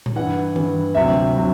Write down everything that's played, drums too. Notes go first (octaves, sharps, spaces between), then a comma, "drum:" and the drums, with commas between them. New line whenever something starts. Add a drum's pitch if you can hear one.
drum: tom A#2
G2 E3 F#5
G2 E3, drum: tom D#3
D2 C3 F#3 E5
C3 F#3